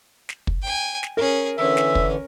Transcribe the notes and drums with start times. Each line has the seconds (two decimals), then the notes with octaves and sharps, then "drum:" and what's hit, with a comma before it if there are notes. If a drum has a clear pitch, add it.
0.29 drum: snare
0.47 drum: kick
0.62 G5 G#5
1.03 drum: snare
1.17 C#4 G#4 A#4
1.58 D3 E3 C#4 E5
1.77 drum: snare
1.95 drum: kick